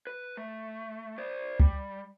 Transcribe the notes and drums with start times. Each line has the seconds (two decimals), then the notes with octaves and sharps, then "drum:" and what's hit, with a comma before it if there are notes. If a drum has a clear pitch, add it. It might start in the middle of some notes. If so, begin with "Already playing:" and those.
0.07 B4
0.37 A3
1.18 C5 D5
1.60 G3, drum: kick C#2